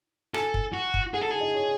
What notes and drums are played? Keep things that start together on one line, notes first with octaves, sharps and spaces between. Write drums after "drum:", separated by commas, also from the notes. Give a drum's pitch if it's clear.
A4 G#5, drum: rim click
drum: kick
F#4
drum: kick
G#4 F#5
A4
A5
G#4
D#5
C#5